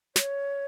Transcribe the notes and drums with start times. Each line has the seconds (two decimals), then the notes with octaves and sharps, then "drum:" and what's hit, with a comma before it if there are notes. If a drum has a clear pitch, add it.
0.16 C#5, drum: snare